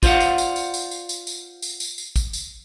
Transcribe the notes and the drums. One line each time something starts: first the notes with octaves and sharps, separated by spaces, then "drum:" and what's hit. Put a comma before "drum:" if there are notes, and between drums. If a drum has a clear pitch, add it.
F4 C5 D5 F5 F#5, drum: kick, tambourine
drum: tambourine
drum: tambourine
drum: tambourine
drum: tambourine
drum: tambourine
drum: tambourine
drum: tambourine
drum: tambourine
drum: tambourine
drum: tambourine
drum: kick, tambourine
drum: tambourine